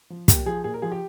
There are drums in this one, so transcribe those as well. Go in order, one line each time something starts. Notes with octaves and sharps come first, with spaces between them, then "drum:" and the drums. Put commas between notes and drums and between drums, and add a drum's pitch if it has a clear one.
F3
A#2 G4, drum: kick, hi-hat
F3 G#4
A#2 G#4
A#4
F3 G#4
G4